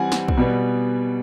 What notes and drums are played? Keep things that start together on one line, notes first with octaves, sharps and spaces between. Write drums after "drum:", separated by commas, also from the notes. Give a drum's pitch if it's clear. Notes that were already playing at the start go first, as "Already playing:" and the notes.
Already playing: E3 G3 C4 E4 F#5 G#5
drum: snare
drum: kick
B2 G3 B3